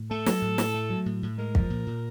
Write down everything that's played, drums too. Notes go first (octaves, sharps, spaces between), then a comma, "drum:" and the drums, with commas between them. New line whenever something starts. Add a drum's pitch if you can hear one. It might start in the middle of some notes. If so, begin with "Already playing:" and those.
Already playing: A2
A3 A4
F#3, drum: snare
A2
A2, drum: snare
A3
F#3
A2
A2
G#3 A#4
F3, drum: kick
A#2
A#2